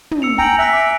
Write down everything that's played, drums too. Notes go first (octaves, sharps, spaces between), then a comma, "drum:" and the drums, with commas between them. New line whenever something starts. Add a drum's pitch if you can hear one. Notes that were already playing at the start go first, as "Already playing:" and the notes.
drum: tom
E6 C#7 F7
G5 G#5 A#5 F#7, drum: kick
E5 F#6 A#6 B6
D6 D7